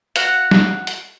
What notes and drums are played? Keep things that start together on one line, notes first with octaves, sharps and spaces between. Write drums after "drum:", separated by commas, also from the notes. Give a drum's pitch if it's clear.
F#4 F5 F#5, drum: hi-hat
drum: snare
drum: hi-hat